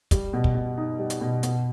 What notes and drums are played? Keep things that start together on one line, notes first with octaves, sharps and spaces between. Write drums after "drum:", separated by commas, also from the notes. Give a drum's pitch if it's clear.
G3, drum: kick, hi-hat
B2
drum: kick
B2
D#4
G3
drum: hi-hat
B2
B2, drum: hi-hat